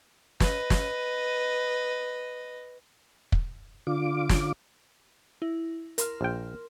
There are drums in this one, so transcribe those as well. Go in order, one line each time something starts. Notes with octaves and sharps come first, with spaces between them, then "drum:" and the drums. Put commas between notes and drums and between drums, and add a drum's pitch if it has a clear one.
B4 D#5, drum: snare
drum: snare
drum: kick
D3 F4 D6
drum: snare
E4
A#4 C6 F6, drum: hi-hat
A#1 G5